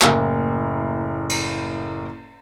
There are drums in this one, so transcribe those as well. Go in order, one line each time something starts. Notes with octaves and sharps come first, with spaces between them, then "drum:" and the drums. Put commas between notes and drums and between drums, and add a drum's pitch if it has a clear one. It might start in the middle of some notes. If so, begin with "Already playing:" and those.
F#1 A2 A#3, drum: clap
drum: cymbal